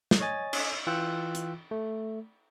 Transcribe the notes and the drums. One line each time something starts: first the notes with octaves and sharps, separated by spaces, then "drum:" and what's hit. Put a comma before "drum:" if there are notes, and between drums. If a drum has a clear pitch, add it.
drum: snare
C#5 D#5 G#5 A6
drum: cymbal
E3 F4 G5 E6 F#6
drum: hi-hat
A3